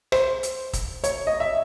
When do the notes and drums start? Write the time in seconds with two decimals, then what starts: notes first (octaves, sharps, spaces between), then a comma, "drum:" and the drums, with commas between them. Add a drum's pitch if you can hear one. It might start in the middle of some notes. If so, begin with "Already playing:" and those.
0.12 C5, drum: rim click
0.43 drum: hi-hat
0.73 drum: kick, hi-hat
1.04 C#5, drum: hi-hat
1.27 D#5
1.40 E5